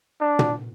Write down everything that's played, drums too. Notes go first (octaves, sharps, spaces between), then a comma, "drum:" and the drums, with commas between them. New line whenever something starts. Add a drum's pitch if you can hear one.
D4
drum: tom